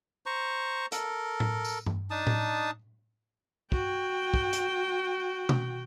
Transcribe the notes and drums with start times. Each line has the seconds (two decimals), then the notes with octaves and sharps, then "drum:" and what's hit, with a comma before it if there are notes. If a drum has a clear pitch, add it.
0.26 C5 A#5 C#6
0.92 A4 A#4, drum: hi-hat
1.40 drum: tom A2
1.65 drum: tambourine
1.86 drum: tom G2
2.11 D4 D#4 A5 D#6
2.27 drum: tom A2
3.72 F#4 G5, drum: kick
4.34 drum: kick
4.53 drum: hi-hat
5.49 drum: tom B2